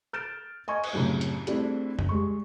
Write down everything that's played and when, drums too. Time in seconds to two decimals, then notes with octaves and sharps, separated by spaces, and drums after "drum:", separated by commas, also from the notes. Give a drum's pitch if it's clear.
0.13 F6 G6 A6 D7 E7
0.68 D#5 G#5 C#6 G#6
0.84 drum: cymbal
0.93 C2 F#2 A2 C#3
1.21 drum: hi-hat
1.47 G3 A3 C4 D4 E4 G#4, drum: hi-hat
1.99 drum: tom F2
2.09 G3 G#3 C#6